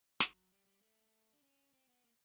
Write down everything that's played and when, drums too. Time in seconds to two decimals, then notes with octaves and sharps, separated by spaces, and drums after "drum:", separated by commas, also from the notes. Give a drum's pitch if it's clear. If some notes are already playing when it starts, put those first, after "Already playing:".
0.20 F#3, drum: snare
0.52 G3
0.66 G3
0.82 A3
1.33 D4
1.43 C#4
1.73 C4
1.88 B3
2.04 A#3